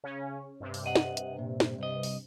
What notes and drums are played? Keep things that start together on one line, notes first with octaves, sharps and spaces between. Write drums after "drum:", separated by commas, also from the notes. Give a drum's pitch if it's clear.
C#3 C#4
G2 C3
drum: open hi-hat
D#5 F#5
drum: snare
drum: hi-hat
A#2
drum: snare
C2 D#5
drum: open hi-hat